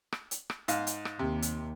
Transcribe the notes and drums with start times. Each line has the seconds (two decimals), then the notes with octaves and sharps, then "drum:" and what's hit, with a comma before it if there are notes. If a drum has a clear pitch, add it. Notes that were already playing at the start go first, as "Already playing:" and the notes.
0.12 drum: rim click
0.31 drum: hi-hat
0.50 drum: rim click
0.68 G#2 F5, drum: hi-hat
0.87 drum: hi-hat
1.05 drum: rim click
1.19 D#2 C3
1.42 drum: hi-hat